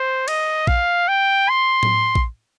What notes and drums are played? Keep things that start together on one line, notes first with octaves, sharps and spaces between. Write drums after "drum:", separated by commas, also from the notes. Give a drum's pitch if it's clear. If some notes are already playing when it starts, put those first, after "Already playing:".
Already playing: C5
D#5, drum: cymbal
F5, drum: kick A#1
G5
C6
drum: tom A2
drum: kick A#1